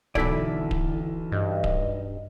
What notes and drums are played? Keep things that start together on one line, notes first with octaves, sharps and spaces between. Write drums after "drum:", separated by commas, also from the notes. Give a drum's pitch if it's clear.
B1 D3 E3 E4 A4 D5 B6, drum: kick D1
drum: kick D1
G2 D#5
drum: kick D1